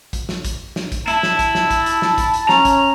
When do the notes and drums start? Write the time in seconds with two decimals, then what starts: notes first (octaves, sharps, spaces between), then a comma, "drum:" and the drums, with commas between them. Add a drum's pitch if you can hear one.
0.13 drum: kick, hi-hat
0.29 drum: snare
0.45 drum: kick, hi-hat
0.76 drum: snare
0.92 drum: kick, hi-hat
1.08 E4 A5, drum: hi-hat
1.23 drum: snare
1.39 drum: kick, hi-hat
1.55 drum: snare
1.71 drum: kick, hi-hat
1.86 drum: hi-hat
2.02 drum: snare
2.18 drum: kick, hi-hat
2.34 drum: hi-hat
2.49 C#4 A#5, drum: snare
2.65 drum: kick, hi-hat